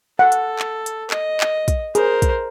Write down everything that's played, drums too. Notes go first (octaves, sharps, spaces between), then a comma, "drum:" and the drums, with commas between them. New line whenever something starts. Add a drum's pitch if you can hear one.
A4 F#5
drum: hi-hat
drum: clap
drum: hi-hat
D#5, drum: clap
drum: clap
drum: kick, hi-hat
G#4 A#4 C5, drum: hi-hat
drum: kick, hi-hat